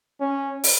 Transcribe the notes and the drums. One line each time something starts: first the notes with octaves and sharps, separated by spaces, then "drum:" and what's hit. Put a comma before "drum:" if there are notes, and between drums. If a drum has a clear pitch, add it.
C#4
drum: open hi-hat